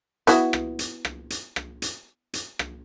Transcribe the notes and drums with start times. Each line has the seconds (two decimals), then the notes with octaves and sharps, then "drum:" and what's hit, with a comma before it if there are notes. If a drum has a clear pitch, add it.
0.27 B3 E4 F#4, drum: hi-hat
0.53 drum: rim click
0.79 drum: hi-hat
1.05 drum: rim click
1.30 drum: hi-hat
1.56 drum: rim click
1.82 drum: hi-hat
2.34 drum: hi-hat
2.59 drum: rim click